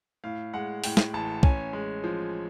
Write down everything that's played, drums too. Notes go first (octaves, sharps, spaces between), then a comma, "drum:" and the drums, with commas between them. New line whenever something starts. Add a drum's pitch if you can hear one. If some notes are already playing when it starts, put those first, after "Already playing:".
A2 F5
G#3 F#5
A2 G5, drum: open hi-hat
drum: snare
A1 A5
C#4 G#5, drum: kick
G#3
F3